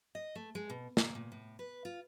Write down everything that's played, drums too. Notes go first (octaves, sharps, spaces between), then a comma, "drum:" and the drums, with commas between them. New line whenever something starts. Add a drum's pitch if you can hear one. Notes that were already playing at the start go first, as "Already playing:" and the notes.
D#5
A3
G#3
B2
A#3, drum: snare
A#2
A2
B4
F4